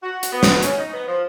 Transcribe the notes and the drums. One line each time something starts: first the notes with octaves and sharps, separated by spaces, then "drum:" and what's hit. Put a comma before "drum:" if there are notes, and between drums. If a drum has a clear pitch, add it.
F#4
drum: hi-hat
B3
drum: snare
C#4, drum: hi-hat
D#4
B3
F3